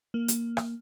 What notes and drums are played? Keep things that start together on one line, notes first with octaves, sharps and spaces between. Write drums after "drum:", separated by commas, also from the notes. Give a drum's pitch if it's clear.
A#3
drum: hi-hat
drum: rim click